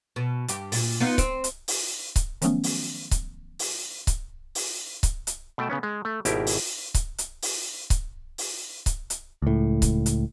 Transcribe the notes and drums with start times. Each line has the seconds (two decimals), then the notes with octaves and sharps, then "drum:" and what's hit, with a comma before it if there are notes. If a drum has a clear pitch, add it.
0.16 B2
0.48 G2 G4, drum: hi-hat
0.72 A#2, drum: open hi-hat
1.00 B3 D#4 F4
1.18 C4, drum: kick C#1, hi-hat
1.44 drum: hi-hat
1.68 drum: open hi-hat
2.16 drum: kick C#1, hi-hat
2.42 D#3 F3 F#3 A3 B3 C#4, drum: hi-hat
2.63 drum: open hi-hat
3.11 drum: kick C#1, hi-hat
3.59 drum: open hi-hat
4.07 drum: kick C#1, hi-hat
4.55 drum: open hi-hat
5.03 drum: kick C#1, hi-hat
5.27 drum: hi-hat
5.58 B2 A3 G5 A5
5.70 C#3 B3 C#4
5.83 G#3
6.05 A3
6.25 G#1 B2 E4 G4 A#4 G5, drum: hi-hat
6.47 drum: open hi-hat
6.94 drum: kick C#1, hi-hat
7.18 drum: hi-hat
7.42 drum: open hi-hat
7.90 drum: kick C#1, hi-hat
8.38 drum: open hi-hat
8.86 drum: kick C#1, hi-hat
9.10 drum: hi-hat
9.42 C#2 A2
9.82 drum: kick C#1, hi-hat
10.06 drum: hi-hat